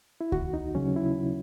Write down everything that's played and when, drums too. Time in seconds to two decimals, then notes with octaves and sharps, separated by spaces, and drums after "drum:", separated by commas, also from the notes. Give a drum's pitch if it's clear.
0.21 E4
0.32 D#2 F#4, drum: kick C#2
0.54 D#4
0.75 C#3 F#3 C#4
0.96 E4